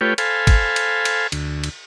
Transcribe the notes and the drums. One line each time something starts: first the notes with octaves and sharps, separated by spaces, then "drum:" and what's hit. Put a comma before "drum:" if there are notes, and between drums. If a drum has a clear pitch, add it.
A3 F4 G4 B4 C#5 G5
A4 C5 F5 G#5 B5, drum: cymbal
drum: kick, cymbal
drum: cymbal
drum: cymbal
D2, drum: cymbal
drum: cymbal